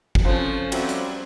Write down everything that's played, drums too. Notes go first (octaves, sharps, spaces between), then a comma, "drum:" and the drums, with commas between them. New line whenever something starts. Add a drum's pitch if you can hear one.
drum: kick G1
F2 C#3 F3 C#4 A4
F#3 G3 C4 E5, drum: cymbal
drum: hi-hat